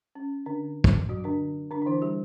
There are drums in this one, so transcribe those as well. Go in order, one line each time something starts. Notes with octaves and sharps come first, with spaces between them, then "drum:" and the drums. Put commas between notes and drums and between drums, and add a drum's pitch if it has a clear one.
C#4
D3 D4
drum: kick
F#3 F#4
D3 D4
D3 D4
D4
E3 E4
G3 G4